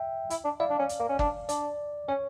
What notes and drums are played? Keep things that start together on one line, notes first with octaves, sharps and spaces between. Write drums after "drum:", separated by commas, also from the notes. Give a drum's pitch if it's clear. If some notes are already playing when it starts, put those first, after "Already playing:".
Already playing: E5 G5
E4, drum: hi-hat
D4
E4 D5 F5
D4
C#4
drum: hi-hat
A#3
C#4
D4, drum: kick G1
D4 D5, drum: hi-hat
C#4 C#5